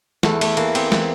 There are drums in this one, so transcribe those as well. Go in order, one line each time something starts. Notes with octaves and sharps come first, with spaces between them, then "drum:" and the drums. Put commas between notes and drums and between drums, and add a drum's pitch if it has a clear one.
E2 A3, drum: snare
A3, drum: cymbal
E3 A#3, drum: cymbal
C4, drum: cymbal
E3, drum: snare